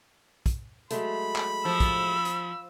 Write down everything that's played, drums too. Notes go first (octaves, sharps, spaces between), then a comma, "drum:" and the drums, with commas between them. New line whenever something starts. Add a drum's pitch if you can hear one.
drum: kick, hi-hat
F#3 G#3 A3 B5, drum: hi-hat
drum: clap
F3 E6
drum: kick, hi-hat
drum: hi-hat